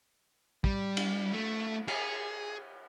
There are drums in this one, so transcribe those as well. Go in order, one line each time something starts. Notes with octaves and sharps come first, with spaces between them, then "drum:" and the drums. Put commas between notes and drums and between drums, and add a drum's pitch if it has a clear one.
G3, drum: kick
drum: cymbal
A3
G#4, drum: cymbal